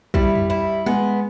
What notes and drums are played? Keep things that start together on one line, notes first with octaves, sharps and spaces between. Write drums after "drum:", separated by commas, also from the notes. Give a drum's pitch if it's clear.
G3 E4, drum: kick
drum: tom F2
E4
G#3 B3